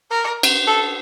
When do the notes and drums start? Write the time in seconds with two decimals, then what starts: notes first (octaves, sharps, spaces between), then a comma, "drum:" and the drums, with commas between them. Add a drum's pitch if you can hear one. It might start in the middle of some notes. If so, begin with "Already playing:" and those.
0.10 A#4
0.43 drum: cymbal
0.67 A4